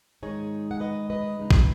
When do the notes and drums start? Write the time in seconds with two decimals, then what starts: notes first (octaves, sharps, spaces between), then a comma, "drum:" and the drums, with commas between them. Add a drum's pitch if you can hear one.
0.23 G#2 D#3 G#3 D#4 G#4 C#5
0.71 F#5
0.80 B4 D#5
1.10 B4 D#5
1.39 C#3 G#3 D#4
1.51 drum: kick A1